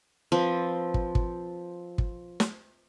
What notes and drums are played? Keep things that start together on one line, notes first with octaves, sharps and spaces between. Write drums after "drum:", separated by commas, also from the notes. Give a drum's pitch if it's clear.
F3 C4 B4
drum: kick
drum: kick
drum: kick
drum: snare